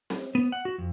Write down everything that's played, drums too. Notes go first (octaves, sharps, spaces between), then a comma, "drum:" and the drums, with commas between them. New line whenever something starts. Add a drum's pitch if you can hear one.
drum: snare C4
B3
F#5
F#4
F2